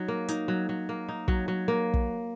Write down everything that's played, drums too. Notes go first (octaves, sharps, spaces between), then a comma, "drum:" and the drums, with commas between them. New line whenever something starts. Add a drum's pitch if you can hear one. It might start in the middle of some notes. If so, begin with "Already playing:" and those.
Already playing: F#3 D#4
A#3
D#4, drum: hi-hat
F#3
F#3
A#3
D#4
F#3, drum: kick
F#3
A#3
drum: kick